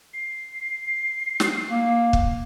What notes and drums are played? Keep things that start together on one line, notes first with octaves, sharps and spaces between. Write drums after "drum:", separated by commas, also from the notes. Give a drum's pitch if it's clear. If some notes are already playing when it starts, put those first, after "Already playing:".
C7
drum: snare
A#3
drum: kick